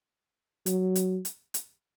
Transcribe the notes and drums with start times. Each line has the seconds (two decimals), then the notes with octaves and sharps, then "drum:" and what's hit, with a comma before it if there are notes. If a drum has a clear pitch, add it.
0.66 F#3, drum: hi-hat
0.95 drum: hi-hat
1.25 drum: hi-hat
1.54 drum: hi-hat